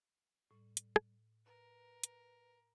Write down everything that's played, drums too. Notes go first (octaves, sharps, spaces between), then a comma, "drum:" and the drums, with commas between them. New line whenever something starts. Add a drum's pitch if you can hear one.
A2 G3
drum: hi-hat
drum: rim click
A#4 B4
drum: hi-hat